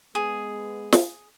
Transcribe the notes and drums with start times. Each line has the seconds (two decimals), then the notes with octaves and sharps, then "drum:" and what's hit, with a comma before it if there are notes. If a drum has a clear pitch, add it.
0.15 G#3 B3 G#4
0.92 drum: snare